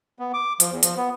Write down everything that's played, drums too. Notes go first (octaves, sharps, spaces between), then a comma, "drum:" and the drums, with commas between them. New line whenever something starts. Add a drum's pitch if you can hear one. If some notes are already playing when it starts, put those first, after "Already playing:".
B3
D6
F3, drum: hi-hat
E2
F3, drum: hi-hat
B3